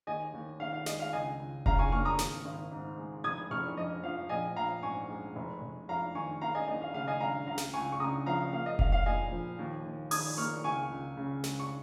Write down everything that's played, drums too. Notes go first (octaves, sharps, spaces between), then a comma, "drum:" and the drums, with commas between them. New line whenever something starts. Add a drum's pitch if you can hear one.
D#2 D#5 G#5
D#2
D#3 F5
F5
G#3 D#5, drum: snare
F5
C#2 D#5 G#5
C#2
C#3 F5 A#5, drum: kick F1
G#5 C#6
A#3 C#6 F6
A#5 D#6
G#1, drum: snare
G#1
G#2
G#3
F1 D#6 G#6
F1 C#6 F6
F2 D#5
F3 F5
A#1 D#5 G#5
A#1 F5 A#5
G#2 G#5 C#6
G#3
F1
F1
F2 F5 A#5
D#3 G#5 C#6
D#2 F5 A#5
D#5 G#5
D#2 D#5
F5
C#3 F5
D#5 G#5
G#3 F5 A#5
C#2 F5 A#5
drum: snare
C#2 G#5 C#6
C#6
C#3 A#5 D#6
F3 F5 A#5
A#3 F5
D#5
A#1 F5, drum: kick F1
F5
A#2 D#5 G#5
F3
D#2
D#2
D#3 D#6 G#6, drum: open hi-hat
A#3 C#6 F6
C#2 G#5 C#6
C#2
C#3
G#3, drum: snare
C#6